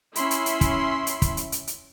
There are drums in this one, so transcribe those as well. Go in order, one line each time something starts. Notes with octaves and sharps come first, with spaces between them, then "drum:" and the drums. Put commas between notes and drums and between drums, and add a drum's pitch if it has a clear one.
C#4 E4 E5 B5 C6, drum: hi-hat
drum: hi-hat
drum: hi-hat
drum: kick, hi-hat
drum: hi-hat
drum: kick, hi-hat
drum: hi-hat
drum: hi-hat
drum: hi-hat